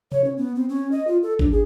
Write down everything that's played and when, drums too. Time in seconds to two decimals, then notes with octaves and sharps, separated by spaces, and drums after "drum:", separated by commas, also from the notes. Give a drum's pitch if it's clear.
0.12 C#5, drum: tom C3
0.24 C#4
0.37 B3
0.56 C4
0.69 C#4
0.92 D#5
1.08 F4
1.23 A4
1.39 D4, drum: kick G#1
1.52 G#4